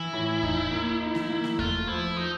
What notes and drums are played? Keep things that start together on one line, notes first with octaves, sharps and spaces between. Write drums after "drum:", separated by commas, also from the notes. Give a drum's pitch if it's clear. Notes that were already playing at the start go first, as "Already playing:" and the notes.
Already playing: E3 E4
A2
D#4, drum: kick E2
A#3
D#4
drum: snare A3
A#3
drum: snare A3
A3 F4, drum: kick E2
F3 E4
F3 D#4